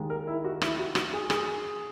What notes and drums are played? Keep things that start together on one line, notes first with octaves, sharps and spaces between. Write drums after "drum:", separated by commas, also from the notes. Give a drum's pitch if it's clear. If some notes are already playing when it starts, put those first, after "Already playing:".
Already playing: D#2 D#3 G#3
A#4
E4
F#4
E4, drum: rim click
F#4
F#4, drum: rim click
G#4
G#4, drum: rim click